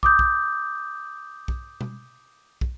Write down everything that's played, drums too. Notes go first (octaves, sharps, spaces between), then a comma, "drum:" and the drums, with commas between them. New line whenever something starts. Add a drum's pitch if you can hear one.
D6 D#6 G6, drum: kick
drum: kick
drum: kick
drum: tom B2
drum: kick